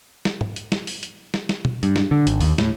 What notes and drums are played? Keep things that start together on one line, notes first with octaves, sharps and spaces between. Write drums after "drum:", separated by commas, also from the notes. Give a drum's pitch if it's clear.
drum: snare
drum: tom
drum: hi-hat
drum: snare
drum: open hi-hat
drum: hi-hat
drum: snare
drum: snare
drum: tom
G2, drum: hi-hat
drum: snare
D3
G#1, drum: hi-hat
D#2, drum: open hi-hat
A2, drum: snare